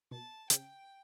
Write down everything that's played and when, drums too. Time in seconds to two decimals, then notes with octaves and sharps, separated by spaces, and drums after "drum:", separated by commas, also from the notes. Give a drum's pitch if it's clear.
0.11 B2 A5
0.50 C#3 G5, drum: hi-hat